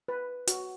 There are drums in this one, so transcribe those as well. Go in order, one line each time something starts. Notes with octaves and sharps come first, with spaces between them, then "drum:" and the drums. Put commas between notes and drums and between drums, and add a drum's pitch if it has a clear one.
B4
F#4, drum: hi-hat